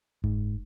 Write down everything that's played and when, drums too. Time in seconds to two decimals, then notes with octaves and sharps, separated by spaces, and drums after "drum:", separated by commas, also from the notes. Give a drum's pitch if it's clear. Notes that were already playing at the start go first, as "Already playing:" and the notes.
0.24 G#2, drum: kick F#1